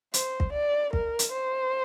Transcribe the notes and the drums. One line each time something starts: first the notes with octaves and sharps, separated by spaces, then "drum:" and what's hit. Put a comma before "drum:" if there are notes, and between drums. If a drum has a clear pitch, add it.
C5, drum: hi-hat
drum: kick
D5
A#4, drum: kick
drum: hi-hat
C5